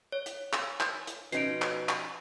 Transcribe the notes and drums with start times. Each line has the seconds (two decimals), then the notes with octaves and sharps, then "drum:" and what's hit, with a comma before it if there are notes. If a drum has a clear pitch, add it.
0.12 C#5
0.26 drum: hi-hat
0.53 drum: clap
0.80 drum: clap
1.07 drum: hi-hat
1.32 B2 F3 C#4 D#4 C7 D7, drum: hi-hat
1.62 drum: clap
1.89 drum: clap